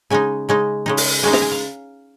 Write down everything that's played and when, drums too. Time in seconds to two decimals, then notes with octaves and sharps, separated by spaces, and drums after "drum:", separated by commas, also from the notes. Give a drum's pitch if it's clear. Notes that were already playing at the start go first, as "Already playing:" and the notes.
0.10 C#3 G#3 D#4 G#5
0.49 C#3 G#3 D#4
0.86 C#3 G#3 D#4
0.97 drum: open hi-hat
1.23 C#3 G#3 D#4 G#5
1.33 A#5, drum: snare
1.42 G#5
1.52 F5